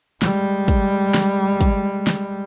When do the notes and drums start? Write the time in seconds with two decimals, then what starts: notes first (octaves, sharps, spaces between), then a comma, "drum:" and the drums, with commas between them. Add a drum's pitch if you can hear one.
0.22 G3 G#3, drum: snare
0.68 drum: kick, hi-hat
1.14 drum: snare
1.61 drum: kick, hi-hat
2.07 drum: snare